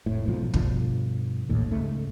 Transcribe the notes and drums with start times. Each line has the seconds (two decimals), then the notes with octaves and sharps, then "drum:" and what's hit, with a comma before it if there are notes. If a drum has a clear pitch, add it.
0.06 F1 A2
0.28 B1 G#2 B2 F3
0.54 G2 B2 D3 F3, drum: kick
1.49 A#1 D#2 A2
1.71 C#2 G#2 A3